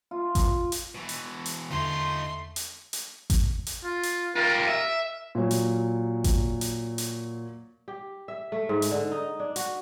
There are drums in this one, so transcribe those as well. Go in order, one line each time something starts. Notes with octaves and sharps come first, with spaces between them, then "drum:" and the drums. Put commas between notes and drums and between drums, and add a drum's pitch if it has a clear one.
F4
drum: kick G#1, hi-hat
drum: hi-hat
B2 E3
drum: hi-hat
drum: hi-hat
E2 D3 A3 D#4 F4 C6
drum: hi-hat
drum: hi-hat
drum: kick G#1, hi-hat
drum: hi-hat
F4
drum: hi-hat
F4 G4 A#4
E5
A#2 F#3
drum: hi-hat
drum: kick G#1, hi-hat
drum: hi-hat
drum: hi-hat
G4
E5
A3
G#2
drum: hi-hat
D3
D#4
D4
F#4, drum: hi-hat